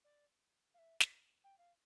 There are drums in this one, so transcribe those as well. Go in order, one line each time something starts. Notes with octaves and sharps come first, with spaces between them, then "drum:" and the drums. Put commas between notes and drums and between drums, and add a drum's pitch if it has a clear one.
D5
F5
E5
drum: snare
G5
F5